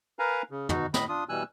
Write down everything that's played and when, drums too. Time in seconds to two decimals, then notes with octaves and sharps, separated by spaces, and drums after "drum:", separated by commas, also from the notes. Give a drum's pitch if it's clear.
0.19 A#4 B4 F5 G#5 A#5
0.51 C#3
0.69 B2 D#4 F#4, drum: tom
0.94 A2 D#5 B5, drum: snare
1.09 D4 F4 D#6
1.29 B2 E3 G3 G#5 E6 F#6